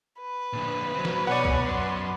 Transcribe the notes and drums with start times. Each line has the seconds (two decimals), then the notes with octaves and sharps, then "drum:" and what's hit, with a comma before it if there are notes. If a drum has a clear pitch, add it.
0.21 B4
0.53 A#2 D3
0.94 F#3 C4
1.05 drum: snare
1.27 B2 C#5 D5 F#5 G#5
1.45 drum: kick
1.65 F#2 C6